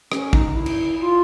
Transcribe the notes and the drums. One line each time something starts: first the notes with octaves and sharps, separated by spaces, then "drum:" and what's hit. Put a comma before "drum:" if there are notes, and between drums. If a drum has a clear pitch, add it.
C#4, drum: rim click
D#4, drum: kick A1
E4
drum: cymbal
F4